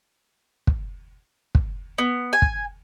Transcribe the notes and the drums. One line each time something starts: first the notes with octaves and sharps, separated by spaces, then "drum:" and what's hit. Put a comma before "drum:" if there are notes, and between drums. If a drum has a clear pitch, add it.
drum: kick
drum: kick
B3
G#5
drum: kick